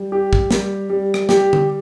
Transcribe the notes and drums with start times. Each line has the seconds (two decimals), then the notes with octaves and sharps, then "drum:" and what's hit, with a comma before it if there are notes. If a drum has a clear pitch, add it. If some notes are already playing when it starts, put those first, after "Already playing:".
Already playing: G3
0.12 G4
0.33 drum: kick
0.51 G3, drum: snare
0.90 G3
1.14 drum: rim click
1.29 G4, drum: snare
1.53 drum: tom D3